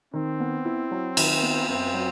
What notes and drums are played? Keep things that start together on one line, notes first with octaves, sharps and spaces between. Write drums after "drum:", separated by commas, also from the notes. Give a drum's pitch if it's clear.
D#3 C4
B3
E4
F#3
D#3, drum: cymbal
B3
F#2 C4
F#3